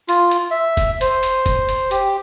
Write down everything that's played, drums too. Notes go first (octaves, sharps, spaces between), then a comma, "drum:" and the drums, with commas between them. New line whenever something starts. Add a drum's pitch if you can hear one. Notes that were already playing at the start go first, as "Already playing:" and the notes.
F4, drum: hi-hat
drum: hi-hat
E5
drum: kick F1, hi-hat
C5, drum: hi-hat
drum: hi-hat
drum: kick F1, hi-hat
drum: hi-hat
G4, drum: hi-hat